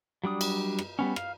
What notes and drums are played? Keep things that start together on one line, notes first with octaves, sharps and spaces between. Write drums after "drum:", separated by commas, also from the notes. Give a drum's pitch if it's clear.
F#3 G3 D4 D#6
drum: cymbal
drum: rim click
G3 B3 C#4
F5, drum: rim click